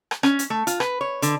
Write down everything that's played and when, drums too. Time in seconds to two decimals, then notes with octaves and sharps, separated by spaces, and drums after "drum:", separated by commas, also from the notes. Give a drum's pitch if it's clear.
0.11 drum: rim click
0.23 C#4, drum: rim click
0.39 drum: hi-hat
0.50 A3
0.67 F4, drum: hi-hat
0.80 B4, drum: rim click
1.01 C#5
1.22 D3, drum: hi-hat